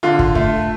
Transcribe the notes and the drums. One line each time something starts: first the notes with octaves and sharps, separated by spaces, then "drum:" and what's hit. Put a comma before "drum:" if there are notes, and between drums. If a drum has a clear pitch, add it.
D3 F4
drum: kick
A3, drum: kick